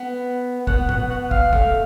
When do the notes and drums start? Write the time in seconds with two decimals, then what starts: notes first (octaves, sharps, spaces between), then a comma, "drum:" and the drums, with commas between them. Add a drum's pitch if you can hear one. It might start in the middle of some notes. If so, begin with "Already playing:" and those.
Already playing: B3
0.67 B3 F#5, drum: kick
0.89 F#5, drum: tom A2
1.09 F#5
1.31 F5, drum: kick
1.53 A3, drum: kick